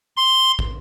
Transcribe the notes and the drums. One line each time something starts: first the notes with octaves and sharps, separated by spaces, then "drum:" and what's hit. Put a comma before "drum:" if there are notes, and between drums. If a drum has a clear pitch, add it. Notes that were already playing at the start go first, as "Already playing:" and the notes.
C6
drum: kick